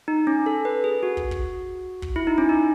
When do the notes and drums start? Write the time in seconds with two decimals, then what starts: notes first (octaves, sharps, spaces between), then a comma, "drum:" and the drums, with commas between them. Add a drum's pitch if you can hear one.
0.08 D#4
0.27 C#4
0.46 A4
0.65 B4
0.84 G#4
1.03 F#4
1.17 drum: kick
1.31 drum: kick
2.02 drum: kick
2.16 E4
2.27 D#4
2.38 C#4
2.49 D#4